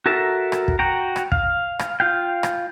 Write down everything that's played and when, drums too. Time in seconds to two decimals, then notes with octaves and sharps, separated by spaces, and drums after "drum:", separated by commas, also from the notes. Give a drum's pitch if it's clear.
0.06 F#4 A4 A#4 E5 A5
0.52 drum: rim click
0.68 drum: kick
0.79 F#4 G5 A#5
1.16 drum: rim click
1.32 F5, drum: kick
1.79 drum: rim click
2.00 F4 F5 G5
2.43 drum: rim click